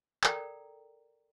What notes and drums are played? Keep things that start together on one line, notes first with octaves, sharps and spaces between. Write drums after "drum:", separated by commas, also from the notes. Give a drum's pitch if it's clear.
A4 A#4 D5 G5 A#5, drum: clap